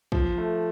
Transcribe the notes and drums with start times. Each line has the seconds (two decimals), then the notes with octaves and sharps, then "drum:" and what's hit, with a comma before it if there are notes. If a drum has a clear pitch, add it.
0.12 F3, drum: kick
0.38 A3